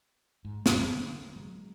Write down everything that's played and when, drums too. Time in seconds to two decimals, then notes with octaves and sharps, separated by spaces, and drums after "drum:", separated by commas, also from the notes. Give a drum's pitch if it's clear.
0.45 G#2
0.66 G1 E2 G#2 B2, drum: snare
0.92 D3 A#3
1.36 F#3 G#3